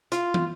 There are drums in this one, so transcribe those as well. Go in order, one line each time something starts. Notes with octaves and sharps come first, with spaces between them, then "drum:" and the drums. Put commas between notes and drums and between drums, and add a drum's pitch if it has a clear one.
F4, drum: hi-hat
drum: tom